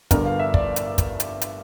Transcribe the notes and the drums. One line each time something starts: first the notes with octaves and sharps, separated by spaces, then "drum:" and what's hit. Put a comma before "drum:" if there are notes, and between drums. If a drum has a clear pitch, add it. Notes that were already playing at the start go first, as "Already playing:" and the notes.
G1 G2 D3 A#4, drum: kick, hi-hat
F5
E5
D5, drum: kick
drum: hi-hat
drum: kick, hi-hat
drum: hi-hat
drum: hi-hat